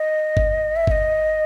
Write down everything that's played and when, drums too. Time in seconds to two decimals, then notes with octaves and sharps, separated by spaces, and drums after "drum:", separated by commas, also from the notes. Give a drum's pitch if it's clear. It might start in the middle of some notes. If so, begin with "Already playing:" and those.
Already playing: D#5
0.37 drum: kick G1
0.76 E5
0.87 E5, drum: kick G1
0.91 D#5